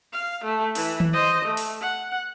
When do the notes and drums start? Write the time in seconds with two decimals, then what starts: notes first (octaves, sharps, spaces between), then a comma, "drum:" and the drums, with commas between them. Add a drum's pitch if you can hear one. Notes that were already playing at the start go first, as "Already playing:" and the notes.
0.13 F5
0.44 A3
0.75 E3, drum: open hi-hat
1.00 drum: tom D#3
1.13 C5 D#5
1.45 A3
1.57 drum: open hi-hat
1.81 F#5